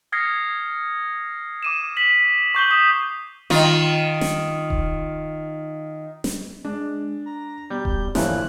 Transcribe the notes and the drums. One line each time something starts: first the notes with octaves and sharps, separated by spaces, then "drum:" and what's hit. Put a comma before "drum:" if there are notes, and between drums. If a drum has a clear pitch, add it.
D#6 F6 G#6 A#6 C7 C#7
D6 D#7 E7
B6 E7 F#7
C#6 D6 G6 C7 F#7 G7
C#6 D#6 B6 E7
D#3 F4, drum: snare
drum: snare
drum: kick D#1
drum: snare
G#3 D4
A#5
B2 G3 G6
drum: kick D#1
G1 A#2 E3 F3 E4 C#5 F#6, drum: snare